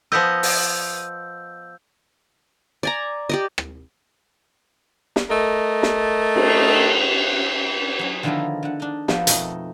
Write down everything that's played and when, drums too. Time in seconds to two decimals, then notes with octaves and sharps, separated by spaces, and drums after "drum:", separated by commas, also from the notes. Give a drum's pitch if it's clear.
0.12 F3 B3 D#5 E6 G6
0.43 drum: open hi-hat
2.83 D5 G#5 A#5
3.29 G4 D5 D#5
3.58 drum: rim click
5.16 drum: snare
5.30 A3 A#4 D#5
5.83 drum: snare
6.36 drum: cymbal
7.99 F#3 G#4
8.23 D3 D#3 F3 B3 E4 A#4
8.63 D3 F#5
8.80 D4 D#4
9.08 F3 A#3 B3 A4 B4, drum: snare
9.27 F2 B2 A3 D#4 D#5, drum: hi-hat